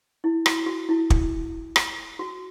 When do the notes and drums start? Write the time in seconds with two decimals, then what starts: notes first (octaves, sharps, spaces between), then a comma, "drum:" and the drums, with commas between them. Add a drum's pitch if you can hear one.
0.24 E4
0.46 F#4, drum: rim click
0.66 F#4
0.89 E4
1.10 drum: kick
1.76 drum: rim click
2.19 F#4